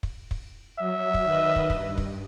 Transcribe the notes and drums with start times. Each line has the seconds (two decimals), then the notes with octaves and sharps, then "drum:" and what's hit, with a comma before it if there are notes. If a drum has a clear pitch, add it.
0.03 drum: kick
0.31 drum: kick
0.79 F#3 E5
1.14 drum: kick
1.24 D#3 B4 D#5
1.56 drum: kick
1.70 G2, drum: kick
1.98 drum: kick